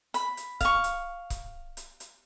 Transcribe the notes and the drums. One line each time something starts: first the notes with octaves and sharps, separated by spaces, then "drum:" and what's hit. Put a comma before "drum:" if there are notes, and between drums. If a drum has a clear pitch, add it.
B5, drum: hi-hat
drum: hi-hat
F5 C#6, drum: kick C#1, hi-hat
drum: hi-hat
drum: kick C#1, hi-hat
drum: hi-hat
drum: hi-hat